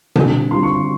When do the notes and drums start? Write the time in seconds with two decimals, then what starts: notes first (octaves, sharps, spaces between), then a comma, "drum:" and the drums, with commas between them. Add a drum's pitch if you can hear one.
0.16 D3 G3 C4 F4, drum: tom B2
0.51 D3 G3 C4 F4 C6
0.63 C#6